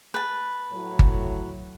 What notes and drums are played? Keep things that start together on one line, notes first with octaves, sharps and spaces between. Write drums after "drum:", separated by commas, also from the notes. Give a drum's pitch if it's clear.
B4 A5
A2 F#3
drum: kick G1